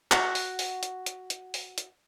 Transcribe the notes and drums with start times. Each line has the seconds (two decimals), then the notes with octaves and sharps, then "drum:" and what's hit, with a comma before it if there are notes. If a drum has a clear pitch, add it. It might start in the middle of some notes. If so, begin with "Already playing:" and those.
0.11 F#4 F#5, drum: clap
0.35 drum: open hi-hat
0.59 drum: open hi-hat
0.83 drum: hi-hat
1.06 drum: hi-hat
1.30 drum: hi-hat
1.54 drum: open hi-hat
1.78 drum: hi-hat